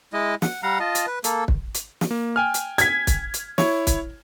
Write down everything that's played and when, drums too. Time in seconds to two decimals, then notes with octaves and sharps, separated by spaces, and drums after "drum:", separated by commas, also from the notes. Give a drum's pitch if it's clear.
0.13 G#3 E4 D#5
0.42 F#5, drum: snare
0.63 G3 F5 F#5 A#5
0.80 F4 D#5 A5
0.95 drum: hi-hat
1.07 B4
1.24 A#3 A4, drum: hi-hat
1.48 drum: kick
1.75 drum: hi-hat
2.01 drum: snare
2.11 A#3
2.36 G5 G#5 F6
2.54 drum: hi-hat
2.78 G#6 B6, drum: hi-hat
3.07 drum: kick, hi-hat
3.34 drum: hi-hat
3.58 E4 C#5, drum: snare
3.87 drum: kick, hi-hat